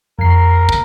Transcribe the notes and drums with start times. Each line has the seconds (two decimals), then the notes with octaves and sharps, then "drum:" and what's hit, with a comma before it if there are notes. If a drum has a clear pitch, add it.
0.19 F2 A#4 C7
0.69 drum: kick